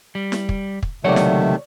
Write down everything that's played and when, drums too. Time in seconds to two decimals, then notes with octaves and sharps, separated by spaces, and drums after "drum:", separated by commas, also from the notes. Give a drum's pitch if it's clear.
0.15 G3
0.32 drum: snare
0.49 drum: kick
0.83 drum: kick
1.04 C#2 C3 D#3 F#3 A3 C#5 D5 F#5
1.16 drum: snare